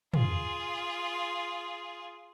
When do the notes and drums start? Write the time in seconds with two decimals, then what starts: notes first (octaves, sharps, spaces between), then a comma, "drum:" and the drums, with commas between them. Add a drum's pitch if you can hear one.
0.14 F4 G#4, drum: tom